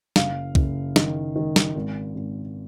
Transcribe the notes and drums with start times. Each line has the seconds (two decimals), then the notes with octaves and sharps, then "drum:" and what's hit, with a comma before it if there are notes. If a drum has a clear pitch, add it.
0.16 F#1 F5, drum: snare
0.55 F#1, drum: kick C2
0.96 D#3, drum: snare
1.36 D#3
1.56 drum: snare
1.76 G#1
2.15 G#1